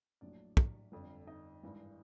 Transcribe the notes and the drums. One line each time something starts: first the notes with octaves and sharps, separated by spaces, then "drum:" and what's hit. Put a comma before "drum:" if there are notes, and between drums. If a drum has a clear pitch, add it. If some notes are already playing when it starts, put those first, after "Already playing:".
A#1 A2 F#3 D4 D5
drum: kick
G1 F2 D3
D#4 D#5
G#1 G2 E3